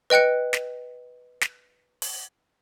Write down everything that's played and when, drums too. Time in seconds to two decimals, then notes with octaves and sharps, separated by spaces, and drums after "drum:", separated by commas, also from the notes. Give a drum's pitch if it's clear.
0.10 B4 D#5 G5 F#6 C#7
0.53 drum: snare
1.42 drum: snare
2.02 drum: open hi-hat